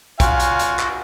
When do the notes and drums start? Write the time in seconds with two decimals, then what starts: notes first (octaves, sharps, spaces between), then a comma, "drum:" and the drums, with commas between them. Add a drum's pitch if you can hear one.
0.20 F4 F#4 F5 G#5, drum: kick, hi-hat
0.40 drum: hi-hat
0.59 drum: hi-hat
0.79 drum: clap